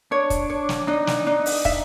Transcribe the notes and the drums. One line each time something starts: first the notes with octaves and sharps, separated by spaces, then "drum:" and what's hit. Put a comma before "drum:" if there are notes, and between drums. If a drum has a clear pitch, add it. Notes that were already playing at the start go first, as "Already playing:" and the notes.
D4 C#5
drum: kick, hi-hat
C#5
drum: snare
D4 D#4
drum: snare
D4
drum: open hi-hat
E5, drum: kick